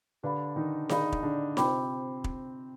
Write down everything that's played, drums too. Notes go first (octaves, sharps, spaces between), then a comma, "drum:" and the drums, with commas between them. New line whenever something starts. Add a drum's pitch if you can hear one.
D3 D4 G4 B4 F5 B5
D#3 D#4
D#3 D#4 G#4 D5 F5 B5, drum: snare D#4
drum: kick
D3 D4
C3 C4 F4 C5 G5 B5 D6, drum: snare D#4
drum: kick